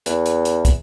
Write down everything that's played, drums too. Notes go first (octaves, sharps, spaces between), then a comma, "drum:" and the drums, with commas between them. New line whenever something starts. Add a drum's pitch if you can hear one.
E2, drum: hi-hat
drum: hi-hat
drum: hi-hat
drum: kick, hi-hat